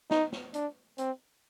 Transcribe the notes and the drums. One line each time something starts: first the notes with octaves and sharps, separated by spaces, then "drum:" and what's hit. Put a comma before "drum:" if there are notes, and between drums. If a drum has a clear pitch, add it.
D#4, drum: snare
drum: snare
D4, drum: hi-hat
C4, drum: hi-hat